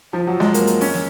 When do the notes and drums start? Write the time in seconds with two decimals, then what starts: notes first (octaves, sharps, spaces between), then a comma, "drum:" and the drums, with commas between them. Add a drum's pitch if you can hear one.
0.13 F3
0.27 F#3
0.40 G#3, drum: snare
0.54 A#3, drum: hi-hat
0.67 drum: hi-hat
0.81 C#4, drum: open hi-hat
0.94 drum: snare